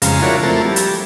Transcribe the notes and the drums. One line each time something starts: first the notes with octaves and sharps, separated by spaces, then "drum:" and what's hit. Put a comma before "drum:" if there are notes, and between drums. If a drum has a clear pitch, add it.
F2 C#3 G#3 F5 A#5, drum: hi-hat
F3 D4 E4 F#4 A#4 C#5
F3 A3 C4 E4 A4 A#4
G3
drum: hi-hat